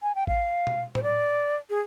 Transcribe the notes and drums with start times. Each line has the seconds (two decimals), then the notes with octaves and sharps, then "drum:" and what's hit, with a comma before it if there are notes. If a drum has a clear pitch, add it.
0.03 G#5
0.15 G5
0.27 F5, drum: kick G#1
0.67 drum: tom B2
0.95 C5, drum: tom A2
1.03 D5
1.70 G#4